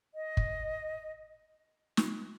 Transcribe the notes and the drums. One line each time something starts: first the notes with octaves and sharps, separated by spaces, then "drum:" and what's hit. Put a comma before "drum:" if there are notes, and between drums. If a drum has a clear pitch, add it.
D#5
drum: kick
drum: snare